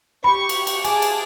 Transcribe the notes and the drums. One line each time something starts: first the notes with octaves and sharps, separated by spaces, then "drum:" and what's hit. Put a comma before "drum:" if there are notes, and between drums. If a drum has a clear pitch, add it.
G4 B5 C#6
drum: cymbal
drum: cymbal
G#4 G#5 A5 D6, drum: cymbal
drum: cymbal